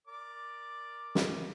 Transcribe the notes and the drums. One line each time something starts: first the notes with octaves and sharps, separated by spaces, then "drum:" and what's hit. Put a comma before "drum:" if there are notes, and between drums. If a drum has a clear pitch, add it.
A#4 D5 D6
drum: snare